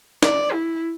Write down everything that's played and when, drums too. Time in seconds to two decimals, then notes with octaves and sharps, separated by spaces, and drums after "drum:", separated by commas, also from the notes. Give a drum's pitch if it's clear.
0.23 D5, drum: snare
0.53 E4